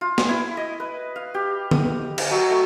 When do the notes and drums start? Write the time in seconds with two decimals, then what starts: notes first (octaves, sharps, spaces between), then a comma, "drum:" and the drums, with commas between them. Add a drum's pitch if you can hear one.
0.01 F4
0.18 drum: snare
0.28 E4
0.57 D#5
0.80 B4
1.16 F5
1.34 G4
1.71 D#6, drum: tom
2.18 A#5, drum: cymbal
2.31 F#3
2.51 A3